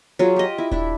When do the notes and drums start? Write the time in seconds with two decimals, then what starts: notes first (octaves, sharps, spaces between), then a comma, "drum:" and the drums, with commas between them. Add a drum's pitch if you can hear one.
0.19 F#3 F4 G#4
0.36 G4 D#5
0.58 E4
0.71 D4 E4, drum: kick D#1